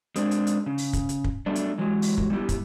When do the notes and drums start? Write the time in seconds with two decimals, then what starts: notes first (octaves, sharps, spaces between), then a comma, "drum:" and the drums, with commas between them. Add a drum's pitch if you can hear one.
0.16 G#3 C4 D4, drum: hi-hat
0.31 drum: hi-hat
0.47 drum: hi-hat
0.66 C#3
0.78 drum: open hi-hat
0.93 drum: kick, hi-hat
1.09 drum: hi-hat
1.24 drum: kick
1.46 F#3 G3 A3 B3 D4
1.55 drum: hi-hat
1.78 E3 F#3 G#3
2.02 drum: open hi-hat
2.18 drum: kick
2.30 G3 B3 E4 G4
2.49 drum: kick, hi-hat